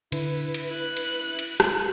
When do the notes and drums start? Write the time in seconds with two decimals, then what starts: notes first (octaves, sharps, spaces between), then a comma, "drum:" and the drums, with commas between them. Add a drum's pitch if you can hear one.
0.12 D3 E4 B4, drum: cymbal
0.54 drum: cymbal
0.70 E4 F#6
0.97 drum: cymbal
1.39 drum: cymbal
1.60 drum: rim click